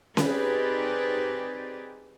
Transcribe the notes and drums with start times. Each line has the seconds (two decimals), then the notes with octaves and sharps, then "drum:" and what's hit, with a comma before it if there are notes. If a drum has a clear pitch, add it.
0.17 C4 D#4 G4 G#4 B4 D5, drum: snare C#4